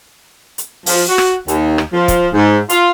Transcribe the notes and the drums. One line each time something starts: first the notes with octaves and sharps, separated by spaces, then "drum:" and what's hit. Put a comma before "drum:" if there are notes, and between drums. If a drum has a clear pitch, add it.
drum: hi-hat
F3, drum: open hi-hat
F#4
drum: rim click
D#2, drum: hi-hat
drum: rim click
F3
drum: kick, hi-hat
G#2
F4, drum: hi-hat